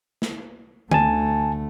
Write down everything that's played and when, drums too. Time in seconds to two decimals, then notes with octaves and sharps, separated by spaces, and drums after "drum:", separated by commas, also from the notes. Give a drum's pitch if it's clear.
0.22 drum: snare
0.91 D2 A3 G#5 A5, drum: tom D3